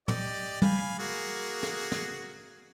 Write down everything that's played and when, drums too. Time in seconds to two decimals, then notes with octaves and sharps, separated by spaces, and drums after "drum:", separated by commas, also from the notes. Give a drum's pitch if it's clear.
0.08 G4 D5 D#5, drum: tom
0.62 F5 G#5 B5, drum: tom
0.99 A#3 F#4 G#4
1.63 drum: snare
1.92 drum: snare